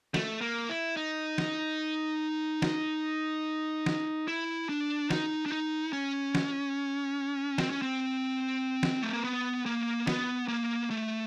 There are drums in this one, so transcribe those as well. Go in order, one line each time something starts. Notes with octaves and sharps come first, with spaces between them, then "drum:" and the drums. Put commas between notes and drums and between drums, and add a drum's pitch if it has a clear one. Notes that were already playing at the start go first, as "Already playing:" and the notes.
A3, drum: snare
A#3
E4
D#4
drum: snare
drum: snare
drum: snare
E4
D4
D#4, drum: snare
D4
D#4
C#4
drum: snare
C4, drum: snare
C#4
C4
drum: snare
A3
A#3
B3
A#3
B3, drum: snare
A#3
A3